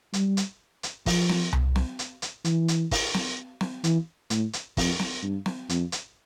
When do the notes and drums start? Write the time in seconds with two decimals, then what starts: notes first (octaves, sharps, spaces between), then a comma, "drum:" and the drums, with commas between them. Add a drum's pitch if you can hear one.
0.13 G3, drum: hi-hat
0.37 drum: hi-hat
0.83 drum: hi-hat
1.06 F3, drum: kick, open hi-hat
1.29 drum: snare
1.53 drum: tom C2
1.76 drum: snare
1.99 drum: hi-hat
2.22 drum: hi-hat
2.45 E3, drum: hi-hat
2.68 drum: hi-hat
2.91 drum: kick, open hi-hat
3.15 drum: snare
3.61 drum: snare
3.84 E3, drum: hi-hat
4.30 A2, drum: hi-hat
4.53 drum: hi-hat
4.77 F2, drum: kick, open hi-hat
5.00 drum: snare
5.23 G2
5.46 drum: snare
5.69 F2, drum: hi-hat
5.92 drum: hi-hat